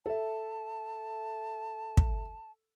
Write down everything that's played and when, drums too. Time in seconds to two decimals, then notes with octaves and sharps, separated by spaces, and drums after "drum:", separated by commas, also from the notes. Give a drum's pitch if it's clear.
0.06 A4 E5 A5
1.97 drum: kick